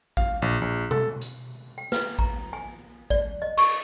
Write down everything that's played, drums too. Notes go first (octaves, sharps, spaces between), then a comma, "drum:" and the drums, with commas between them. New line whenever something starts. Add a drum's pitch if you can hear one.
F5, drum: kick A1
A#1
A#1
A4, drum: tom B2
drum: hi-hat
G5
B4, drum: snare
A#5, drum: kick A1
G#5
D5, drum: kick A1
D#5
C#6, drum: cymbal